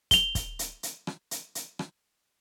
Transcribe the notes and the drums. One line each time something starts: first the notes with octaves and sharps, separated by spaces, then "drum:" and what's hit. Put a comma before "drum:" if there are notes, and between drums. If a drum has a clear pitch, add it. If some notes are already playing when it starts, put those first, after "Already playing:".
F7 G7, drum: kick, hi-hat
drum: kick, hi-hat
drum: hi-hat
drum: hi-hat
drum: rim click
drum: hi-hat
drum: hi-hat
drum: rim click